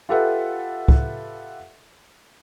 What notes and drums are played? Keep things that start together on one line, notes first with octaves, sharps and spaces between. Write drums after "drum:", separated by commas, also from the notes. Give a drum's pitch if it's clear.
F4 G4 A4 B4 E5 F#5
drum: kick